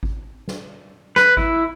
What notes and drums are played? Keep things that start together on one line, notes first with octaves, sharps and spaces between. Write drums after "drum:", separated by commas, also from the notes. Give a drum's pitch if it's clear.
drum: kick G#1
drum: snare
B4, drum: snare
E4, drum: kick G#1